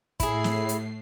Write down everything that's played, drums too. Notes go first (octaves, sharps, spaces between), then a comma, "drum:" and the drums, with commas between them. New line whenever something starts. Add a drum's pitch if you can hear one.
A2 E4 G#4 C7, drum: kick, hi-hat
drum: snare
drum: hi-hat